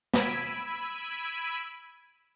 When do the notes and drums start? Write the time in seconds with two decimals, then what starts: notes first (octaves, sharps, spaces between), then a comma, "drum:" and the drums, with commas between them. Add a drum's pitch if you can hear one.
0.14 B5 E6 G#6 D7 D#7, drum: snare